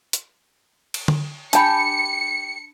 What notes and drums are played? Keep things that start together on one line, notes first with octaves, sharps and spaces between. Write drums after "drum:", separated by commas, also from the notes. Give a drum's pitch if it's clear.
drum: hi-hat
drum: cymbal
drum: tom D3
D4 G4 G5 A5 B5 C#7, drum: hi-hat